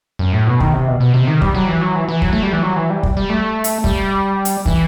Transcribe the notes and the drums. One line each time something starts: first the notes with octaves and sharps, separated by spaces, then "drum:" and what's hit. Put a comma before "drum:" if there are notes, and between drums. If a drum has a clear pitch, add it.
F#2
A2
B2
D#3, drum: kick
C3
B2
B2
C3
D#3
G3, drum: kick
F#3
E3
F#3
E3
E3
F#3, drum: kick
A3
G3
E3
F#3
E3
G3
drum: kick
G3
A3
drum: hi-hat
G3, drum: kick
drum: hi-hat
E3, drum: kick